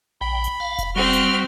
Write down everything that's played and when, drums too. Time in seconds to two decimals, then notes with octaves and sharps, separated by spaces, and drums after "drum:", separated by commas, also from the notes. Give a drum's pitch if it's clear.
0.21 A#1 G5 B5
0.44 drum: hi-hat
0.60 F5
0.78 drum: kick E1, hi-hat
0.96 G3 C4 F#4 F6
1.13 drum: hi-hat